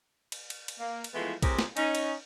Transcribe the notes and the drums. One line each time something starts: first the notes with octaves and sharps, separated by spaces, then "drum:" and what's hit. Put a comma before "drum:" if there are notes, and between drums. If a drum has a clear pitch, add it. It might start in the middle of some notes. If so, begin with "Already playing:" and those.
drum: cymbal
drum: cymbal
drum: cymbal
A#3
drum: cymbal
E3 F3 G#3 A3 B3 E4
A2 C3 G4 G#4 A#4 C5, drum: kick B1, cymbal
drum: snare
C#4 D#4, drum: cymbal
drum: cymbal